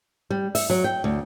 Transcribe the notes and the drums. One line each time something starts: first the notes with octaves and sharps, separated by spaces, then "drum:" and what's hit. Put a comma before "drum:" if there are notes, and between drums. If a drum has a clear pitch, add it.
G3
E5, drum: open hi-hat
F#3
G5
D2